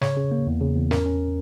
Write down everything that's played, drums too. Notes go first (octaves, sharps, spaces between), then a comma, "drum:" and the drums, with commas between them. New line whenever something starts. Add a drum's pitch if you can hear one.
C#3 C#5, drum: snare
C#3
A#3
E2
C#3
E2
C#4 A#4, drum: snare
C#4